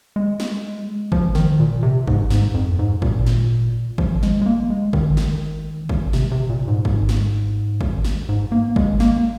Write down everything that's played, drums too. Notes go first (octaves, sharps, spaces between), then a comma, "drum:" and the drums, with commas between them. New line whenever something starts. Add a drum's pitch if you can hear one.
G#3
drum: snare
F3, drum: kick
D#3, drum: snare
A#2
C3
G#2, drum: kick
G#2, drum: snare
F2
G#2
A#2, drum: kick
drum: snare
F3, drum: kick
G#3, drum: snare
G#3
A#3
G#3
D#3, drum: kick
D#3, drum: snare
drum: kick
C3, drum: snare
C3
A#2
G#2
drum: kick
drum: snare
drum: kick
drum: snare
G#2
A#3
G#3, drum: kick
A#3, drum: snare